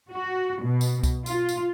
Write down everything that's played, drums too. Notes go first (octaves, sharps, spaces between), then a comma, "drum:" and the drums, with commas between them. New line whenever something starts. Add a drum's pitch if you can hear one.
F#4
B2
drum: tambourine
drum: kick C2, tambourine
F4, drum: tambourine
drum: tambourine